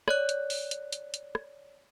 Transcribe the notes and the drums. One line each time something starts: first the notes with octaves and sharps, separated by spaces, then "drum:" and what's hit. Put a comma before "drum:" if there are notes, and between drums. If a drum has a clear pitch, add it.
C#5 D5 F#6, drum: rim click
drum: hi-hat
drum: open hi-hat
drum: hi-hat
drum: hi-hat
drum: hi-hat
drum: rim click